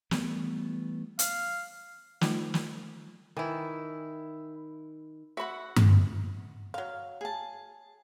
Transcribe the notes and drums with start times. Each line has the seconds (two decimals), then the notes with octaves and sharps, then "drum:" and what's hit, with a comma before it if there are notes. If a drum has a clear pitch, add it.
0.11 E3 G3 A3 B3, drum: snare
1.19 F5, drum: hi-hat
2.21 D#3 F3 G3 A3 D#4 F4, drum: snare
2.54 drum: snare
3.37 D#3 E3 E4
5.37 F#4 E5 F#5 B5
5.76 drum: tom G2
6.74 F#3 F5
7.21 G#4 A5